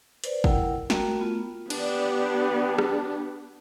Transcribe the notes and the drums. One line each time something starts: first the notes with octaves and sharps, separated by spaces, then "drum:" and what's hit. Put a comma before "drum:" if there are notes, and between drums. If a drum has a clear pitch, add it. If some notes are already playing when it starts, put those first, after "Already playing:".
B4 C5 D5, drum: hi-hat
E4 A#4 F#5 G5, drum: kick
A3 F#4 A#4 G5 A#5, drum: snare
A3 B3 F4
B3 D4 G4, drum: cymbal
drum: rim click